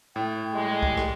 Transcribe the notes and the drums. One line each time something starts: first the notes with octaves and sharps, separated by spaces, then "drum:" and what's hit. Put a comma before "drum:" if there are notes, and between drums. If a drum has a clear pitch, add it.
A2 G5
G3 G#3
drum: kick
drum: rim click